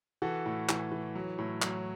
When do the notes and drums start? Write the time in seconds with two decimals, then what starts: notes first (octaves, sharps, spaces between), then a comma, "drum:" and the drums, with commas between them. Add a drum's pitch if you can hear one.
0.22 E3 F#4 A4
0.46 A2
0.69 E3, drum: clap
0.92 E3
1.15 F#3
1.38 A2
1.62 F#3, drum: clap